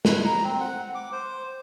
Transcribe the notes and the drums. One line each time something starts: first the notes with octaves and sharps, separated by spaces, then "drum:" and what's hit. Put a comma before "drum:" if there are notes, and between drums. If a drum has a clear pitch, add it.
B4, drum: snare
A#5
C4
F#5
D6
C5